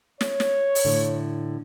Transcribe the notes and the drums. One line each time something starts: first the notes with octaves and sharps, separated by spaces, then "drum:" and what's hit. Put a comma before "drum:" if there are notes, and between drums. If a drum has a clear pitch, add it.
C#5, drum: snare
drum: snare
drum: open hi-hat
A2 D3